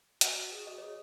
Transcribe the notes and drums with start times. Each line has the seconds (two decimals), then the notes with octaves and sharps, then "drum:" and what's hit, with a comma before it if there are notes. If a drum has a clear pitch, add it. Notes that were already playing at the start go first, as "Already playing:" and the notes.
0.21 F#4 C#5, drum: hi-hat
0.52 G#4
0.67 F#4 D#5
0.78 G#4 C#5